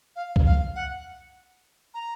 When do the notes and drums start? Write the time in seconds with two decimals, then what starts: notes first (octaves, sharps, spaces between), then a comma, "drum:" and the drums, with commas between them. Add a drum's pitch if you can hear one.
0.15 F5
0.36 drum: kick C2
0.45 F5
0.75 F#5
1.94 A#5